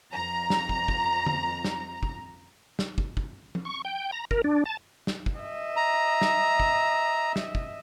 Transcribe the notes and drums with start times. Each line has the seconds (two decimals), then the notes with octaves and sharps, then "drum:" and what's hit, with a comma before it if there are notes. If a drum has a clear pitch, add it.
0.12 F2 A#5
0.50 drum: snare
0.69 drum: kick
0.88 drum: kick
1.26 drum: tom
1.65 drum: snare
2.03 drum: kick
2.79 drum: snare
2.98 drum: kick
3.17 drum: kick
3.55 drum: tom
3.65 C#6
3.85 G5
4.12 A#5
4.31 A#4, drum: kick
4.44 D4
4.65 A5
5.07 drum: snare
5.26 drum: kick
5.40 D#5 E5
5.77 A#5
6.21 drum: snare
6.60 drum: kick
7.36 drum: snare
7.55 drum: kick